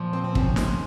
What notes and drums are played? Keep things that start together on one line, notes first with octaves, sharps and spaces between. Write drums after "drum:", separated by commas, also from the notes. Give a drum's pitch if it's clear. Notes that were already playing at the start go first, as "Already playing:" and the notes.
Already playing: A#2 F3
C4
C4
D#2 C#3 F3, drum: kick
drum: snare